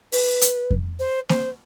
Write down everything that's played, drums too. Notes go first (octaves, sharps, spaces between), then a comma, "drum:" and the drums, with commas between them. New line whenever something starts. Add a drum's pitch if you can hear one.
B4, drum: open hi-hat
drum: hi-hat
drum: kick F2
C5
C5, drum: snare A#3